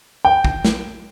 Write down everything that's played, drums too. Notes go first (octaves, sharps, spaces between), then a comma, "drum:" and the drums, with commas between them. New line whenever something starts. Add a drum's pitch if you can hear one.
G5
drum: kick
drum: snare